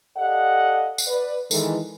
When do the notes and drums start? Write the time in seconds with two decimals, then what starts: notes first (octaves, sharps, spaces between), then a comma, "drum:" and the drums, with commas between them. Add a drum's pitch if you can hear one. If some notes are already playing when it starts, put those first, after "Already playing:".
0.17 G4 A4 D5 D#5 F5 F#5
0.98 drum: tambourine
1.07 B4 D5
1.51 D#3 E3 G#3 A4, drum: tambourine